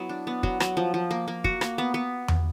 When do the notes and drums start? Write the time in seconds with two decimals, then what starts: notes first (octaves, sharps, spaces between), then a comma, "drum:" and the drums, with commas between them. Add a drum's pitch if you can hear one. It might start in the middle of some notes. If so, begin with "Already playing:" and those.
Already playing: F#3 B3 E4
0.09 D4
0.27 B3
0.43 F#3, drum: kick
0.60 F#3, drum: rim click
0.77 F3
0.94 F3
1.11 A#3
1.28 A#3
1.44 F#4, drum: kick
1.61 A#3, drum: rim click
1.78 B3
1.94 B3
2.28 drum: tom E2